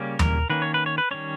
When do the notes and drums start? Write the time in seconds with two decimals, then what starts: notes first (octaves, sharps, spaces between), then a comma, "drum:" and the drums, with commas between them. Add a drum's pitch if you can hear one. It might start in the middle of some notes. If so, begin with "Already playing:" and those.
Already playing: C#3 G3 A#3 C#4
0.19 A#4, drum: tom D#2
0.50 D#3 A#3 C#4 B4
0.62 C#5
0.74 B4
0.86 C#5
0.98 B4
1.11 D#3 G3 C#4 C#5